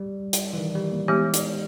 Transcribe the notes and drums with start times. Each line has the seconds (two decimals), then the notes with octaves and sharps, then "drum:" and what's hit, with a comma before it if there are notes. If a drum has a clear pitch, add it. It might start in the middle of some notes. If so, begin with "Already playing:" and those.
Already playing: G3
0.33 drum: hi-hat
0.53 E3
0.58 D#3
0.75 G3
0.92 A#3
1.08 E3 G#3 B3 D#4 G4
1.34 D#4, drum: hi-hat